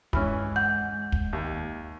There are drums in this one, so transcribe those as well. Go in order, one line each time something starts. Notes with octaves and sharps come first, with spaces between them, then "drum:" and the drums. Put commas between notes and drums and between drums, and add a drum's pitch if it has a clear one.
G2 E3 G#3 C#4 F6, drum: kick
F#5 G6
drum: kick
D#2